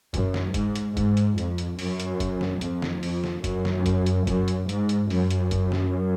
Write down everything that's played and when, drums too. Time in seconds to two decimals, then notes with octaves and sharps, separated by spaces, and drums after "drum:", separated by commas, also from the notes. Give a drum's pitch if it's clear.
0.14 F#2, drum: kick, hi-hat
0.34 drum: snare
0.54 G#2, drum: kick, hi-hat
0.76 drum: hi-hat
0.97 G#2, drum: kick, hi-hat
1.17 drum: hi-hat
1.38 F2, drum: hi-hat
1.58 drum: hi-hat
1.79 F#2, drum: open hi-hat
2.00 drum: hi-hat
2.20 drum: kick, hi-hat
2.41 drum: snare
2.61 F2, drum: hi-hat
2.82 drum: snare
3.03 F2, drum: open hi-hat
3.24 drum: snare
3.44 F#2, drum: kick, hi-hat
3.65 drum: snare
3.86 drum: kick, hi-hat
4.06 drum: hi-hat
4.27 F#2, drum: kick, hi-hat
4.48 drum: hi-hat
4.69 G#2, drum: hi-hat
4.89 drum: hi-hat
5.10 F#2, drum: open hi-hat
5.31 drum: hi-hat
5.51 drum: kick, hi-hat
5.72 drum: snare